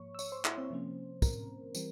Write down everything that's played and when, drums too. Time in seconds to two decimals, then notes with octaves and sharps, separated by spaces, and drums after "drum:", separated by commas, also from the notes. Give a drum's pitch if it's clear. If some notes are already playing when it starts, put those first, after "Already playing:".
Already playing: G#2 F3 A#3 C#5 C#6
0.15 E6
0.19 C#5 C#6, drum: tambourine
0.32 C5 C6
0.45 E4 E5, drum: clap
0.58 C4 C5
0.70 C3 F3 A#3 C#4
1.22 A#4, drum: kick, tambourine
1.75 E3 G3 C4, drum: tambourine